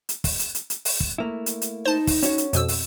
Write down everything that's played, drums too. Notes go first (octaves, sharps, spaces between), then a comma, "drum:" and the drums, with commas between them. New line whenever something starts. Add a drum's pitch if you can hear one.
drum: hi-hat
drum: kick, open hi-hat
drum: hi-hat
drum: hi-hat
drum: hi-hat
drum: open hi-hat
drum: kick
A3 A#3 E4
drum: hi-hat
drum: hi-hat
D#4 C5 A5
drum: kick, open hi-hat
C#4 F#4 C#5, drum: hi-hat
drum: hi-hat
F2 B2 E6, drum: hi-hat
drum: open hi-hat